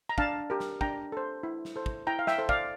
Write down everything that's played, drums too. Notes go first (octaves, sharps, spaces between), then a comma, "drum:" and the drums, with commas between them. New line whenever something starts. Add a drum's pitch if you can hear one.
A#5
D4 F5 A5, drum: kick
G4 A#4
drum: snare
D4 G5 A#5, drum: kick
A4 C5
E4
drum: snare
A4 C5
drum: kick
E4 G5 A#5
F5
E5 G5, drum: snare
A4 C5
D5 F5, drum: kick